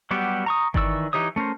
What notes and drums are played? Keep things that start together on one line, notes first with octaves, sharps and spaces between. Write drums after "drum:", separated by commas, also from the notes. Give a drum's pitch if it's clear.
F#3 G3 B3 F#4 G4
A#5 C#6 D#6
D#3 E3 D5 C#6 E6, drum: kick G1
E3 D#4 G4 C#5 D#6
A3 C#4 A#4 C5